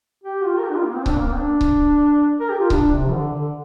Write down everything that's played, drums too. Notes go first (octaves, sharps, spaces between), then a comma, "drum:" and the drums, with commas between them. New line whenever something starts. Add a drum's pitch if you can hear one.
G4
F4
A#4
G4
D4
F4
A#3
C4
D4, drum: kick C#1
A#3
A#3
C4
D4
drum: kick C#1
A#4
G4
F4
D4, drum: kick C#1
C3
F3
D3
D3